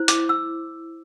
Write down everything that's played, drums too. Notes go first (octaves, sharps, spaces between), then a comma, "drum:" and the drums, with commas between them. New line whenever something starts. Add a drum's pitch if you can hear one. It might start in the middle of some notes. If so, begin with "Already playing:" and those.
Already playing: E4 C5
D6, drum: hi-hat
E6